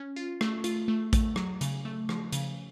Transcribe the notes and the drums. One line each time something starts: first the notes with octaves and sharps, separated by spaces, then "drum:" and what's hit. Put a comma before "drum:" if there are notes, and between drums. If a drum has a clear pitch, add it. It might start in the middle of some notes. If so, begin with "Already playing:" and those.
Already playing: C#4
F4
A3, drum: rim click
F4, drum: hi-hat
A3
A3, drum: kick, hi-hat
F#3, drum: rim click
C#3, drum: hi-hat
A3
F3, drum: rim click
C#3, drum: hi-hat